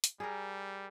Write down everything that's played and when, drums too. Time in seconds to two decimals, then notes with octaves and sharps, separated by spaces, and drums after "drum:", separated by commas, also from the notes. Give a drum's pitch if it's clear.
0.04 drum: hi-hat
0.20 G3 G#4 A#4